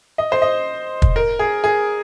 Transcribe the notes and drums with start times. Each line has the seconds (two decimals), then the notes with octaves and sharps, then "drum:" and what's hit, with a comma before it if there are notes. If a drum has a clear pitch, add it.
0.18 D#5
0.32 C5
0.42 D#5
1.02 drum: kick
1.16 A#4
1.39 G#4
1.64 G#4